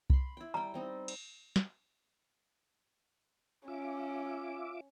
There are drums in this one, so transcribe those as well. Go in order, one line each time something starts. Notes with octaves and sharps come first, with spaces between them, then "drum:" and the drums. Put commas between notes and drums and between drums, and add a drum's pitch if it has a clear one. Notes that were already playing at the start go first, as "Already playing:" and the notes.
B5 C6, drum: kick C2
E4 G5
G3 G5 A#5
G3 C4 D#4
drum: cymbal
drum: snare
C#4 F4 E5 D6